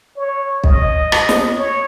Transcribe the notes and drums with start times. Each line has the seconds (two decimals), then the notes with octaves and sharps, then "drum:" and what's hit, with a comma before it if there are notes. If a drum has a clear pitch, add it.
0.17 C#5
0.64 D#5, drum: kick B1
1.12 drum: rim click
1.29 drum: snare
1.56 C#5